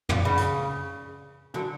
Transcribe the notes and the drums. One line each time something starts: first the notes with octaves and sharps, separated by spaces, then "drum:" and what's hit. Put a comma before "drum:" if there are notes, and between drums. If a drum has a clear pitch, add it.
A#2, drum: tom
C#3 B4 F#5 B5
drum: hi-hat
D3 F#3 D4 F#4 A#4